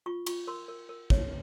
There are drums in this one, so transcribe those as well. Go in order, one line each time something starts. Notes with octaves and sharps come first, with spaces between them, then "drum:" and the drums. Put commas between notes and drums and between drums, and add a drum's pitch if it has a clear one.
F4 C#6
F4 C#6, drum: cymbal
A#4 C6
A#4
A#4
C#5, drum: kick